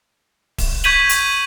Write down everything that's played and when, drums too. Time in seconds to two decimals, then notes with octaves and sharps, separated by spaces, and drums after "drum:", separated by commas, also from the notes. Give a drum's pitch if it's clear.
0.58 drum: kick D1, open hi-hat
0.84 C#6 G6 G#6 B6 D#7 F#7, drum: snare
1.09 drum: hi-hat